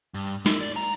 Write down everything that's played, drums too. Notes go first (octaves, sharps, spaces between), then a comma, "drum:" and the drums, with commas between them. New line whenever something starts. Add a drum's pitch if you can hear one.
G2
E4, drum: snare
D5
A#5